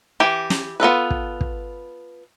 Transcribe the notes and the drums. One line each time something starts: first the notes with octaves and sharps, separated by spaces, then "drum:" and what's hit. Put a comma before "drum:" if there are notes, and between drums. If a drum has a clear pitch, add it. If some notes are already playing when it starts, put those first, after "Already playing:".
E3 G4
drum: snare
B3 F4 A4 B4
drum: kick
drum: kick